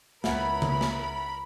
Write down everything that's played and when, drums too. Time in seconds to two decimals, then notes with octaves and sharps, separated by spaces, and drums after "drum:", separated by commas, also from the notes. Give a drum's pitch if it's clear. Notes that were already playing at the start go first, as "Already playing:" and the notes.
0.24 C#2 B3 E4 A#4 F#5 B5, drum: snare
0.62 drum: tom C#3
0.81 drum: snare